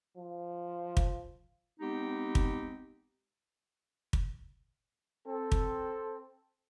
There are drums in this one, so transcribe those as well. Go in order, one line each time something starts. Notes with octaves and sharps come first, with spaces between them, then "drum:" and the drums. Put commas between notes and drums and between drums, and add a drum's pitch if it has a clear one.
F3
drum: kick
G#3 B3 C4 D#4 G4
drum: kick
drum: kick
C4 A4
drum: kick